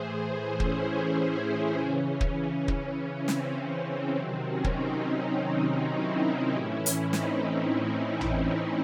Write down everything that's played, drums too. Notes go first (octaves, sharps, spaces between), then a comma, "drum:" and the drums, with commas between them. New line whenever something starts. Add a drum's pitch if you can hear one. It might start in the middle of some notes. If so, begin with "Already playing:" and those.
Already playing: A2 E3 G#4 C5
C#4 E4, drum: kick
C#3 E3 C#4
drum: kick
drum: kick
C4, drum: snare
C3 D#3 F#3 C4
C#4
drum: kick
C4 D#4
C#4 E4
A2 E3
drum: hi-hat
C4 D#4, drum: snare
C#4
drum: tom
C4